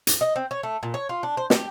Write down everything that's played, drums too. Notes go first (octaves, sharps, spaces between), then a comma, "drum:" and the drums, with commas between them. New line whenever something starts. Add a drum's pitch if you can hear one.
drum: hi-hat
D#5
C4
C#5
A3
A#2
C#5
F4
D4
C5
G4, drum: snare